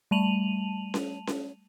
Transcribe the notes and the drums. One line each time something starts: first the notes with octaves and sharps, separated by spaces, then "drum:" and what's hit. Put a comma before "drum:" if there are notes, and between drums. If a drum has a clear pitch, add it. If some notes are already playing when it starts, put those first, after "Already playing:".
G3 A3 A5 D#7 F7 F#7
drum: snare C#4
drum: snare C#4